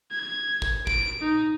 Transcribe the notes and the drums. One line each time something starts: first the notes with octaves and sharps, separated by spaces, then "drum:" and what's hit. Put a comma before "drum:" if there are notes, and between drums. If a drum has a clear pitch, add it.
G#6
drum: kick
D7, drum: kick
D#4